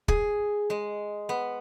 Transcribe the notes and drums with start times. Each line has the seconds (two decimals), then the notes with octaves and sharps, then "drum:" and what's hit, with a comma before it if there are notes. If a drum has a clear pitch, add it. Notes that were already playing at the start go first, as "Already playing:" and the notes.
0.08 G#4, drum: kick
0.70 G#3
1.29 B3